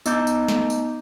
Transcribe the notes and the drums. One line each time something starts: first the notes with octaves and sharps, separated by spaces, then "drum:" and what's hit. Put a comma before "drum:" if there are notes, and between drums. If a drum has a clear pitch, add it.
B3 D#4 D#5 A#5 D6 G6, drum: tambourine
drum: tambourine
drum: snare
drum: tambourine